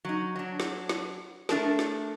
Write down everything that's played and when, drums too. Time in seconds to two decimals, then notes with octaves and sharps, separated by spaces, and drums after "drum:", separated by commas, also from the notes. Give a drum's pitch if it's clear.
0.05 F#3 D#4
0.36 F#3 D4
0.60 drum: snare
0.89 drum: snare
1.49 A3 D4 A#4 A5, drum: snare
1.79 drum: snare